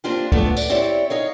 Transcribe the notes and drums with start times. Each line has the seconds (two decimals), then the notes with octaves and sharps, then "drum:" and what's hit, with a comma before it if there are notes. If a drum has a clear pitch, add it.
0.04 A#3 C4 D4 F4 G4
0.32 A3 B3 D4 F4, drum: kick
0.57 D5, drum: tambourine
0.70 C4 E4 G4 C#5 D5 E5
1.10 D#4 C#5 F5